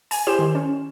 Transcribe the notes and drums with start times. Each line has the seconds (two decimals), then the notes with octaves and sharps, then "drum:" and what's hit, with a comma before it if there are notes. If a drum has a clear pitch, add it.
0.11 G#5, drum: open hi-hat
0.27 E4 G4 C5 C6 E7
0.39 D#3
0.55 C#4